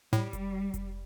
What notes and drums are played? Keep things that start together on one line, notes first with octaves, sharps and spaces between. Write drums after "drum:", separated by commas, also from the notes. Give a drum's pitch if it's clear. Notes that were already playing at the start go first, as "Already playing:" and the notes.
A2 G3, drum: hi-hat
drum: kick F1, hi-hat
drum: kick F1, hi-hat